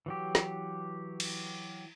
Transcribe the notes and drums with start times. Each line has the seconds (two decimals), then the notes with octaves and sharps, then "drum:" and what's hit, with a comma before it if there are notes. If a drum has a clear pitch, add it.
0.06 E3 F#3 G4
0.35 drum: snare
1.20 drum: cymbal